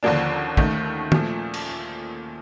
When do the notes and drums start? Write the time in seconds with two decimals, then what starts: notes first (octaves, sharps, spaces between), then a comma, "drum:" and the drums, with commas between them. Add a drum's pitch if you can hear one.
0.03 D#2 D3 F3 A#3 D4
0.57 D#2 D#3 A3, drum: kick
1.12 A#2 F3 A3, drum: tom
1.53 drum: cymbal